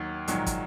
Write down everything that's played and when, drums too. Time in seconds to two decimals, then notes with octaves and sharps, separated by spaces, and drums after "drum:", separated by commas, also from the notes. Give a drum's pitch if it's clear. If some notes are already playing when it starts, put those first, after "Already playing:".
Already playing: D#2 D#3 F#3
0.28 A#1 G#2 D#3 F#3, drum: hi-hat
0.46 drum: kick, hi-hat